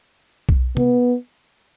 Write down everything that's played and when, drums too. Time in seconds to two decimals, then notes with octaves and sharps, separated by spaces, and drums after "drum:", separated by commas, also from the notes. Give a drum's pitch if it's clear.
0.49 drum: kick B1
0.77 B3, drum: tom C3